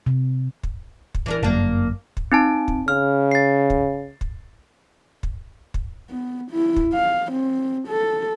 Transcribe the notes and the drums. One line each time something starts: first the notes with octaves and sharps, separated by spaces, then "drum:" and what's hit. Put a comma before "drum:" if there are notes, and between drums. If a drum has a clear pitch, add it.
C3
drum: kick
drum: kick
E3 D4 A#4
G1 F#2 A#3 D4
drum: kick
C4 D#4 A5
drum: kick
C#3 F6
A6 C7
drum: kick
drum: kick
drum: kick
drum: kick
B3
E4
drum: kick
F5
C4
A4